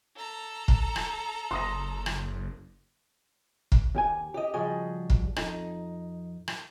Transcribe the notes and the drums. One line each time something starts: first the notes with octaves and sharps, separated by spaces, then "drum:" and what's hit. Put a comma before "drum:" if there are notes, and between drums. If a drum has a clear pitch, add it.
A4 A#5
drum: kick
drum: rim click
F#1 C6 D#6 A#6
drum: rim click
drum: kick
D#2 G4 G#5
G4 D#5
C#3 F3 G3 F#4 G#4 D#5
drum: kick
F2 D#4, drum: rim click
drum: rim click